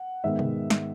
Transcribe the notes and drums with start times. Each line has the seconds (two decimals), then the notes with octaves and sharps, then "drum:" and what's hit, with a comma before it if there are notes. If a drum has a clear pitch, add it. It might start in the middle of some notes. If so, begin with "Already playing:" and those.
Already playing: F#5
0.24 G#2 D#3 G#3 B3 E5
0.39 drum: tom B2
0.70 drum: snare